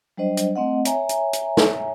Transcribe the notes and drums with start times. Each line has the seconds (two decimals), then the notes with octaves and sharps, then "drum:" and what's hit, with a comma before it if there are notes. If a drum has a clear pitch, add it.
0.17 F#3 G3 D4 C5 D#5
0.37 drum: hi-hat
0.56 A3 C4 D#5 F#5
0.85 C#5 E5 G#5 A#5, drum: hi-hat
1.09 drum: hi-hat
1.33 drum: hi-hat
1.57 drum: snare